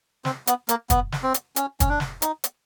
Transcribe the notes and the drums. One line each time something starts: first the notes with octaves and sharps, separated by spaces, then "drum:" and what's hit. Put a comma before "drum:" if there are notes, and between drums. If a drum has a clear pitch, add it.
C4, drum: snare
B3, drum: hi-hat
A#3, drum: hi-hat
B3, drum: kick, hi-hat
drum: snare
C4
drum: hi-hat
C#4, drum: hi-hat
C#4, drum: kick, hi-hat
D4
drum: snare
D#4, drum: hi-hat
drum: hi-hat